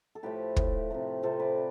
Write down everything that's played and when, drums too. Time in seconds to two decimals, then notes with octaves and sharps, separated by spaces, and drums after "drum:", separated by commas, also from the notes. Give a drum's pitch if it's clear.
0.15 A4
0.23 A2 F3 A3 G4 B4
0.57 A2 F3 A3, drum: kick
0.90 C3 F3 A3
1.23 C3 F3 A3 A4 C5
1.40 B4 D5